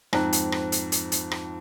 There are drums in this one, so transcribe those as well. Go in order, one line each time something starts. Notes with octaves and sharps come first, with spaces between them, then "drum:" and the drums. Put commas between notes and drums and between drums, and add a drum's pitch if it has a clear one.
F2 G#2 C4 A#5 F#6, drum: rim click
drum: hi-hat
drum: rim click
drum: hi-hat
drum: hi-hat
drum: hi-hat
drum: rim click